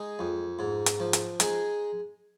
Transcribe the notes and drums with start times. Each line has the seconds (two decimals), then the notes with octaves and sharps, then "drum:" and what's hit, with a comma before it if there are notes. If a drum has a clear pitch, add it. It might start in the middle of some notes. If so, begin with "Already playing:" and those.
Already playing: G#3 D#4 G#4
0.19 F2
0.59 G#2
0.86 drum: hi-hat
1.00 F3
1.13 drum: hi-hat
1.40 G#3 D#4 G#4, drum: hi-hat